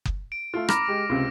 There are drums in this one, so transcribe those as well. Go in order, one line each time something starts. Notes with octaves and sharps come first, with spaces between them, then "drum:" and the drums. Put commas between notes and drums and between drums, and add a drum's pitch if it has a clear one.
drum: kick F#1
D7
A3 F4
A#5 B5 D6 F6 A#6, drum: rim click
G#3 G4
C#2 C3